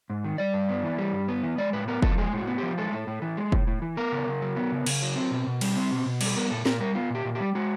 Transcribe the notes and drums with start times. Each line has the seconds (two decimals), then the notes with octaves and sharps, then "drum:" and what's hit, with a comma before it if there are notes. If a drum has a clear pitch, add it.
0.10 G#2
0.24 D#3
0.38 G3 D5
0.54 G2
0.69 B3
0.83 E3
0.98 G3
1.13 G2
1.28 B3
1.43 E3
1.58 G#3 D5
1.73 A2 B4
1.88 B3 A#4
2.02 F3 A4, drum: kick
2.17 G#3 G#4
2.33 A2 F#4
2.47 B3
2.58 F3 G4
2.77 G#3 A4
2.92 A2
3.07 A2
3.22 E3
3.37 G#3
3.52 A2, drum: kick
3.67 A2
3.82 E3
3.97 B3 A#4
4.12 C#3
4.27 C#3
4.42 F#3
4.56 B3
4.72 C#3
4.86 C#3, drum: cymbal
5.02 F#3
5.16 C4
5.31 B2
5.47 B2
5.61 G3, drum: cymbal
5.76 C4
5.91 B2
6.06 B2
6.21 G3, drum: cymbal
6.26 A4
6.36 B3 A#4
6.50 A#2 A4
6.66 A#2 A#4, drum: snare
6.80 G3 A#4
6.95 B3 F4
7.10 A#2 G4
7.25 A#2
7.35 G4
7.41 G3
7.55 G#3 F#4